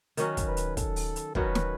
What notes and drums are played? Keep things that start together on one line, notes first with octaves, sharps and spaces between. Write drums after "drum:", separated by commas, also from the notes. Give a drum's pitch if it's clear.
D#3 F#3 C#4 F#4, drum: hi-hat
drum: kick, hi-hat
B4
drum: hi-hat
A4, drum: kick, hi-hat
drum: open hi-hat
drum: hi-hat
D#3 F#3 C#4 F#4 B4, drum: kick
drum: snare